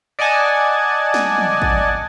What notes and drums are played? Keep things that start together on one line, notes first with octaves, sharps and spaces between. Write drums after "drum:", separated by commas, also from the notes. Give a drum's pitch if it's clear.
D5 D#5 F#5 G#5 A5
drum: snare
drum: tom
drum: kick